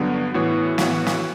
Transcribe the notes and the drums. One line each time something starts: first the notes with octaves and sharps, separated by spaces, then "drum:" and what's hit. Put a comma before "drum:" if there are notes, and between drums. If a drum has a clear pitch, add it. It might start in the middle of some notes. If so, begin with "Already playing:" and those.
Already playing: G2 D3 F#3 B3
A2 E3 B3 F#4 C#5
A2 E3 B3 F#4 C#5, drum: snare
drum: snare